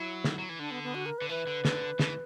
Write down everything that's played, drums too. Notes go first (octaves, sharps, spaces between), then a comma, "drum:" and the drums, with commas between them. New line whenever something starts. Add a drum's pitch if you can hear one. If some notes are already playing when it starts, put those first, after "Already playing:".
Already playing: F#3 E4
drum: snare
F#3
E3
D3 D4
B3
B3
F#4
A#4
B4
D3
E3 B4
D3
D3, drum: snare
E3, drum: snare